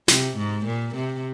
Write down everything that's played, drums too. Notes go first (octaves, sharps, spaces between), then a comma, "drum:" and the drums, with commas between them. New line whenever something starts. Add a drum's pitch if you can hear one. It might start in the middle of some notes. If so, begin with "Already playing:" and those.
C3, drum: snare
G#2
A#2
C3